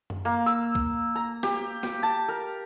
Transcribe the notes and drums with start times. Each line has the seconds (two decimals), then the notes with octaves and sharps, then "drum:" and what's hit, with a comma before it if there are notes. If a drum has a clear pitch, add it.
0.10 drum: tom F#2
0.25 A#3
0.46 E6
0.75 drum: kick
1.16 A#5
1.43 G4, drum: snare
1.83 G5, drum: snare
2.03 A5
2.28 A#4